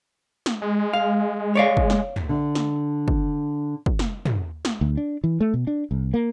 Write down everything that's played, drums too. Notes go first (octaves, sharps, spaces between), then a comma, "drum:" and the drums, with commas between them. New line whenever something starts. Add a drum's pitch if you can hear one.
drum: snare
G#3
F5
C#5 D5 F5
drum: kick
drum: snare
drum: tom
D3 D4
drum: snare
drum: kick
drum: kick
drum: snare
drum: tom
drum: snare
D2
D4
E3
A3
B2
D4
C2
A#3